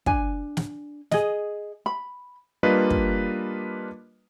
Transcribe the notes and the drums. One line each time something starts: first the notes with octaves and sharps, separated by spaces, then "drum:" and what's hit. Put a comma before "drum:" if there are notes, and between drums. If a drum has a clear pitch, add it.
D4 G#5, drum: kick
drum: snare
G#4 D#5, drum: snare
B5
G3 A#3 D4 F4 B4 D#5
drum: kick